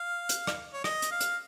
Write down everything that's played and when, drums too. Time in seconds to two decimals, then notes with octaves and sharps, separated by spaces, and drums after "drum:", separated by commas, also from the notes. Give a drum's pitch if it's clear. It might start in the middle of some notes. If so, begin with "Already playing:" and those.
Already playing: F5
0.29 drum: hi-hat
0.47 drum: rim click
0.73 C#5
0.84 D#5, drum: rim click
1.02 drum: hi-hat
1.11 F5
1.21 drum: hi-hat